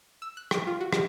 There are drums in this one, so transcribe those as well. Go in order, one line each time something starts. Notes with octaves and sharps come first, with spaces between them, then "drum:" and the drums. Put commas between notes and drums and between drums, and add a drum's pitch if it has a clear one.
E6
F#6
G5, drum: rim click
F4
F#4
G4, drum: rim click